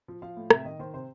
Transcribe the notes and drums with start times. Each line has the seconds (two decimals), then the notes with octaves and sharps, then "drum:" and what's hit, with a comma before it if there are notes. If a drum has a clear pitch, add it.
0.08 F3
0.22 F3 F5
0.37 A2
0.50 C3 E5, drum: rim click
0.65 D#3 D#5
0.79 D#3 C5
0.94 C3 C5